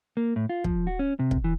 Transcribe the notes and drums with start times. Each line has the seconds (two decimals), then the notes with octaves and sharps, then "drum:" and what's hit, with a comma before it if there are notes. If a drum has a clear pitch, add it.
0.17 A#3
0.36 A2
0.49 F4
0.64 F3, drum: kick
0.87 F#4
0.99 C#4
1.19 C3
1.31 drum: kick
1.44 E3